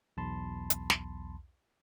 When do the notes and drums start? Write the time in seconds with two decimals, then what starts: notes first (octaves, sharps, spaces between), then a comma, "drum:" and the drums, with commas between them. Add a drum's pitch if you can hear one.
0.17 B1 E2 A5 B5 C6
0.70 drum: hi-hat
0.90 drum: snare